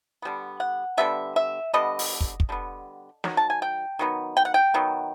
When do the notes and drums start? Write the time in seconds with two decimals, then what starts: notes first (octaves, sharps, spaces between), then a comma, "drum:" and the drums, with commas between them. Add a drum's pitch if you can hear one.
0.22 D3 G3 B3
0.60 F#5
0.97 D3 G3 B3 E5
1.36 E5
1.74 D3 G3 B3 D#5
1.99 drum: open hi-hat
2.21 drum: kick
2.40 drum: kick
2.49 D3 G3 B3
3.24 D#3 F#3, drum: snare
3.37 A5
3.50 G#5
3.62 G5
3.99 D#3 F#3 B3
4.37 G5
4.45 F#5
4.54 G5
4.74 D#3 F#3 B3